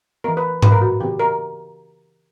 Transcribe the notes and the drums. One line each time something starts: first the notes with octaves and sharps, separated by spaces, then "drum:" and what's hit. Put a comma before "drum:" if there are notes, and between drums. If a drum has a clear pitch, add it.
E3 B3 A#4
B4
B4, drum: tom G#2
A#4
F#4
C#3 E3 B3 G4
A#4